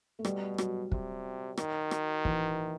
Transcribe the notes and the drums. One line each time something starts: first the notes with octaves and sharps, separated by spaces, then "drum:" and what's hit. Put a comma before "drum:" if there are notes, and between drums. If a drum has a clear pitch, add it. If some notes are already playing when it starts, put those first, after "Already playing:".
A3
B2 G3, drum: rim click
F#3, drum: rim click
C3, drum: kick
D#3, drum: rim click
drum: rim click
E3, drum: kick